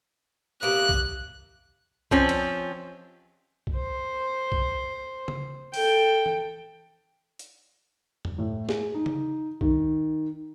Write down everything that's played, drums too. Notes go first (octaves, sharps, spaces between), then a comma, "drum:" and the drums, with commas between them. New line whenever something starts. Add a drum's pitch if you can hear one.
C3 A#3 B3 F#6
drum: kick B1
F3 C4 C#4, drum: kick B1
drum: cymbal
drum: kick B1
C5
drum: kick B1
drum: tom C#3
A4 G5, drum: open hi-hat
drum: tom E3
drum: hi-hat
drum: tom E2
A2
G#4, drum: snare
D#4
drum: tom C#3
D#3, drum: kick B1